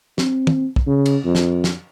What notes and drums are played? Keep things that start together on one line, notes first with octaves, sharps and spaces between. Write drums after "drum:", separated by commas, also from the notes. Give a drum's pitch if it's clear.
C4, drum: snare
drum: tom
drum: kick
C#3
drum: cymbal
F2
drum: snare
drum: snare